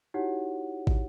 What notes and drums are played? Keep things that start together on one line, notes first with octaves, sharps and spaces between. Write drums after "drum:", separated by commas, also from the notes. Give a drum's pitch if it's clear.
D#4 E4 F#4 G4 C#5 F#5
drum: kick